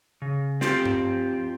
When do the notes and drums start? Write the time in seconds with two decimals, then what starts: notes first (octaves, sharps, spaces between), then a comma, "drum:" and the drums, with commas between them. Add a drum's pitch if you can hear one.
0.22 C#3
0.61 C4 F4 G4, drum: snare
0.85 drum: tom G2